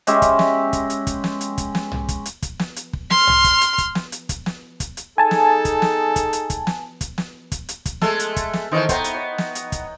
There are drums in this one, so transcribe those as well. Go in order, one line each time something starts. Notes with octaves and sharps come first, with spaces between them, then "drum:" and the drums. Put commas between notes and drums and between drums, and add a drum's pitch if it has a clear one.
G#3 C#4 G4 E5, drum: hi-hat
drum: kick, hi-hat
drum: snare
drum: kick, hi-hat
drum: hi-hat
drum: kick, hi-hat
drum: snare
drum: hi-hat
drum: kick, hi-hat
drum: snare
drum: tom B1
drum: kick, hi-hat
drum: hi-hat
drum: kick, hi-hat
drum: snare
drum: hi-hat
drum: kick
C6 F6, drum: snare
drum: tom B1
drum: kick, hi-hat
drum: hi-hat
drum: kick, hi-hat
drum: snare
drum: hi-hat
drum: kick, hi-hat
drum: snare
drum: kick, hi-hat
drum: hi-hat
D#4 G#4 A4 G#5 A5
drum: snare
drum: kick, hi-hat
drum: snare
drum: kick, hi-hat
drum: hi-hat
drum: kick, hi-hat
drum: snare
drum: kick, hi-hat
drum: snare
drum: kick, hi-hat
drum: hi-hat
drum: kick, hi-hat
G#3 A3 A4, drum: snare
drum: hi-hat
drum: kick, hi-hat
drum: snare
D#3 E3 C5 D#5 C#6
B3 C5 G5 A#5, drum: kick, hi-hat
drum: hi-hat
C#5
drum: snare
drum: hi-hat
drum: kick, hi-hat